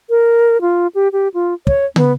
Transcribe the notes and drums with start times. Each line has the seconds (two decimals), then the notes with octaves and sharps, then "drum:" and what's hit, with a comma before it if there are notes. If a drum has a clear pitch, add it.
0.10 A#4
0.61 F4
0.95 G4
1.13 G4
1.34 F4
1.67 C#5, drum: kick
1.96 B3, drum: tom